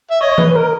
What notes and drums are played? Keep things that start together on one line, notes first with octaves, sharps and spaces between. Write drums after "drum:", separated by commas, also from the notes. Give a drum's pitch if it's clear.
E5
C#5 D#5
B4, drum: tom E3
A#4